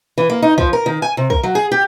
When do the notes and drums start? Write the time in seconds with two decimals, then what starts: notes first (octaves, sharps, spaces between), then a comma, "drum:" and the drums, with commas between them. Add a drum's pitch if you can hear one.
0.18 E3
0.30 A#3
0.42 D#4
0.58 F3, drum: kick
0.73 A#4
0.86 D#3
1.02 G#5
1.17 C3
1.30 A#4, drum: kick
1.43 F#3
1.55 G#4
1.72 G4